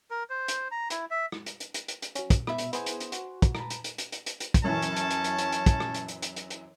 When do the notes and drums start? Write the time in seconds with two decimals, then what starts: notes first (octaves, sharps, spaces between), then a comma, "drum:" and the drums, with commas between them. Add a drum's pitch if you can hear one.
0.11 A#4
0.30 C5
0.48 drum: hi-hat
0.71 A#5
0.90 E4, drum: hi-hat
1.11 E5
1.32 drum: rim click
1.46 drum: hi-hat
1.60 drum: hi-hat
1.74 drum: hi-hat
1.88 drum: hi-hat
2.02 drum: hi-hat
2.15 F#3 C#4, drum: hi-hat
2.30 drum: kick, hi-hat
2.47 B2 E5 B5, drum: rim click
2.58 drum: hi-hat
2.73 B3 E4 G#4 C5 G#5, drum: hi-hat
2.86 drum: hi-hat
3.00 drum: hi-hat
3.12 F#4, drum: hi-hat
3.42 drum: kick, hi-hat
3.55 B4 A5 A#5, drum: rim click
3.70 drum: hi-hat
3.84 drum: hi-hat
3.98 drum: hi-hat
4.12 drum: hi-hat
4.26 drum: hi-hat
4.40 drum: hi-hat
4.54 drum: kick, hi-hat
4.64 F#2 E3 C#4 A5
4.82 drum: hi-hat
4.96 drum: hi-hat
5.10 drum: hi-hat
5.24 drum: hi-hat
5.38 drum: hi-hat
5.52 drum: hi-hat
5.66 drum: kick, hi-hat
5.80 drum: rim click
5.94 drum: hi-hat
6.08 drum: hi-hat
6.22 drum: hi-hat
6.36 drum: hi-hat
6.50 drum: hi-hat